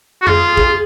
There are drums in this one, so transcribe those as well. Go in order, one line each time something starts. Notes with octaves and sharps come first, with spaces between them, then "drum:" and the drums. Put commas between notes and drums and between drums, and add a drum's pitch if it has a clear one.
F#4
F4 G#4, drum: tom F2
drum: kick